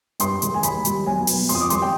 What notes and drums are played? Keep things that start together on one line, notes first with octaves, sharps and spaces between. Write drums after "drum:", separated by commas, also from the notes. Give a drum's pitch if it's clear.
G2 C6, drum: hi-hat
D#3 G#3, drum: hi-hat
G#5
D#2 B5, drum: hi-hat
D#3 G3, drum: hi-hat
B1 G#5
B2 B3, drum: open hi-hat
F2 C6, drum: hi-hat
D#6
D6
D#3 G3 C6, drum: hi-hat
G5